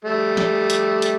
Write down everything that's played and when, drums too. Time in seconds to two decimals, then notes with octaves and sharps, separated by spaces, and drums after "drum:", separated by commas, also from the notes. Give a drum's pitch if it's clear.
0.05 G3 A3
0.37 drum: snare
0.70 drum: hi-hat
1.02 drum: hi-hat